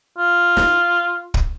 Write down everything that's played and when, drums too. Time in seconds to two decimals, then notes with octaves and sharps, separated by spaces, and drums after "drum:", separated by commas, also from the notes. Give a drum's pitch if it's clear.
0.18 F4
0.57 drum: snare
1.34 drum: kick